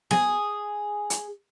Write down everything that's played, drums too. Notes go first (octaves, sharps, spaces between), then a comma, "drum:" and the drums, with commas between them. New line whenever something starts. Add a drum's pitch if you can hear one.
G#4, drum: snare B3
drum: hi-hat